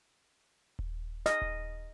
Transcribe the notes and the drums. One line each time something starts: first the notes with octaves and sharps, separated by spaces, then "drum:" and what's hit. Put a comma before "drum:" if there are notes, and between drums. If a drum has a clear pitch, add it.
drum: kick D#1
D#5, drum: snare
drum: kick D#1